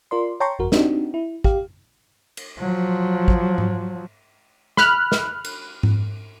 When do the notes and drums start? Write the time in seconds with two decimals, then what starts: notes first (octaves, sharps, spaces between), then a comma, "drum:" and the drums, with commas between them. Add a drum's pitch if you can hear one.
0.11 F4 A#4 D5 C6
0.40 C#5 G5 A5 A#5 C6 C#6
0.59 G1 F2 F#4 A#4
0.72 C4 D4 D#4 F#4 G4, drum: snare
1.14 E4
1.44 G4 F5, drum: kick
2.37 drum: cymbal
2.59 F3 F#3
3.28 drum: kick
3.58 drum: tom G#2
4.77 B5 F6 F#6, drum: snare
5.12 drum: snare
5.44 drum: cymbal
5.83 drum: tom G#2